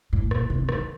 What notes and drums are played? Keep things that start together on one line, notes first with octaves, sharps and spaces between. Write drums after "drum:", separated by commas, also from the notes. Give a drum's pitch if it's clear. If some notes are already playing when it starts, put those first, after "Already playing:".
A2
A#2, drum: rim click
C3
D#3, drum: rim click